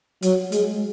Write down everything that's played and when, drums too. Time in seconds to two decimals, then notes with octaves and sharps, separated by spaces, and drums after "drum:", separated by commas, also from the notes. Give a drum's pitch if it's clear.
0.23 F#3, drum: hi-hat
0.52 G#3, drum: hi-hat